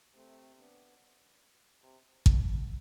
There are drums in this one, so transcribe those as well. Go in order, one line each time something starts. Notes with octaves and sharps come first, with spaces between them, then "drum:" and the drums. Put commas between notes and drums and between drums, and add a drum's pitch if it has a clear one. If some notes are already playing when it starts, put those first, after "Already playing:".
C3 A3 C4
B3 D4
C3
B2, drum: kick A1